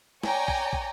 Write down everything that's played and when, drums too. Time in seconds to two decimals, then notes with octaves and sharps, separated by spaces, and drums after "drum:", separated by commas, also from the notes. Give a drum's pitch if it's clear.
0.23 C#5 D5 G5 G#5 A#5, drum: snare
0.48 drum: kick
0.73 drum: kick